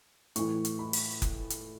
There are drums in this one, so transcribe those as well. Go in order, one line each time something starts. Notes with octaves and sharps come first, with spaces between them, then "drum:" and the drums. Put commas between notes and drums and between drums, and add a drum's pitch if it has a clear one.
A2 E3 C#6, drum: hi-hat
drum: hi-hat
B5
drum: open hi-hat
drum: kick F#1, hi-hat
drum: hi-hat